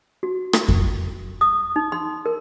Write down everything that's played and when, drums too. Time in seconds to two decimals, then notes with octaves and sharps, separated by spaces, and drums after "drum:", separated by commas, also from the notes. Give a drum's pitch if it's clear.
0.23 F#4
0.53 drum: rim click
0.68 drum: kick F2
1.41 D#6
1.76 D#4
1.92 C6
2.26 A#4